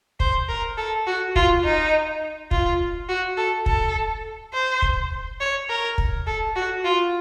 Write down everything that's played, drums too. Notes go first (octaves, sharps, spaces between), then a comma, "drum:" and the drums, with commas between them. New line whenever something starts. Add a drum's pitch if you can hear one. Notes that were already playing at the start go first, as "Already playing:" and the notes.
C5, drum: kick
A#4
A4
F#4
F4, drum: kick
D#4
F4, drum: kick
F#4
A4
A4, drum: kick
C5
drum: kick
C#5
A#4
drum: kick
A4
F#4
F4